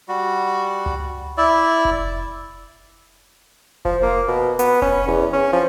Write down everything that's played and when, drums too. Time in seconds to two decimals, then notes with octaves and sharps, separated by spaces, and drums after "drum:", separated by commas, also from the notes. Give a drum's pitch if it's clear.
0.08 G3 F#4
0.86 drum: tom C#2
1.38 E4 D5 E5
1.85 drum: kick F1
3.85 F3, drum: kick F1
4.03 A#3
4.28 B2
4.59 B3, drum: hi-hat
4.82 C#4, drum: kick F1
5.08 E2
5.33 C#4
5.53 F3